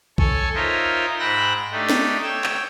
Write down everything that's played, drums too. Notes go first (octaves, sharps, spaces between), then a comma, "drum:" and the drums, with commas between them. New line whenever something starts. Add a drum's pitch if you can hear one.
A4 C#5 G#5 C#6, drum: kick
D#4 F4 A#4 C5 C#5 E5
G#2 G5 B5 E6 F#6 A#6
A3 D4 D#4 G4
drum: snare
C#5 G5 E6
drum: clap